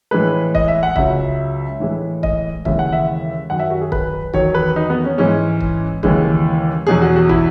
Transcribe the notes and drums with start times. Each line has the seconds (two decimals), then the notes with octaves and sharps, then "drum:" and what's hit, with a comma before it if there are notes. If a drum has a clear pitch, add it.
0.11 A2 E3 G#3 B4
0.55 D#5, drum: kick
0.68 E5
0.83 F#5
0.96 C#2 C#3 F#3 E5, drum: kick
1.80 A2 E3 G#3
2.23 D#5, drum: kick
2.65 D#2 C#3 E3 G#3 E5, drum: kick
2.79 F#5
2.93 E5
3.50 F#2 D#3 F#3 F#5
3.59 E5
3.70 F#4
3.81 G#4
3.92 B4, drum: kick
4.33 E2 D#3 F#3 C#5, drum: kick
4.54 B4
4.76 D#4
4.90 B3
5.04 C#4
5.18 G#2 E3 G#3 C#4
5.61 drum: kick
6.03 D#2 C#3 E3 G#3, drum: kick
6.87 E2 B2 F#3 G#4
7.02 F#4
7.16 F#4
7.29 E4, drum: kick